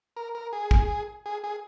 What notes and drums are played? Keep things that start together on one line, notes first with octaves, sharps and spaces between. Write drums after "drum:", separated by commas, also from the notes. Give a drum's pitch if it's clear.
A#4
A#4
G#4
drum: kick
G#4
G#4